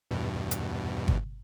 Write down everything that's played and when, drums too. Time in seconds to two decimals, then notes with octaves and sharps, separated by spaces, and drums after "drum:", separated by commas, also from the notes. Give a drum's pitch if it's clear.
0.11 E2 G2 B2
0.51 drum: hi-hat
1.08 drum: kick